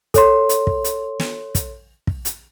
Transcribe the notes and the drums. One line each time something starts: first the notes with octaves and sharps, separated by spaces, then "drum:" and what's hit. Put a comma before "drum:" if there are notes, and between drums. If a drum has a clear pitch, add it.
A4 C#5 C6, drum: kick, hi-hat
drum: hi-hat
drum: kick
drum: hi-hat
drum: snare
drum: kick, hi-hat
drum: kick
drum: hi-hat